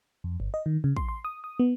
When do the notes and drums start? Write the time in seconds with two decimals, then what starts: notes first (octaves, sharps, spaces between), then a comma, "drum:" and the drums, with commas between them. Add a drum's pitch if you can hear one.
0.24 F2
0.40 G1
0.54 D#5
0.66 D#3
0.84 C#3
0.97 C6, drum: kick
1.09 C6
1.25 D#6
1.44 D#6
1.59 B3